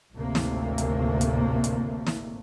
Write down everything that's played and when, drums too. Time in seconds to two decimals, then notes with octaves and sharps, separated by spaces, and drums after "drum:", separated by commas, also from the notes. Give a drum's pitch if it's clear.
0.14 G#1 D2 A2 C3 A3 A#3
0.35 drum: snare
0.78 drum: hi-hat
1.21 drum: hi-hat
1.64 drum: hi-hat
2.07 drum: snare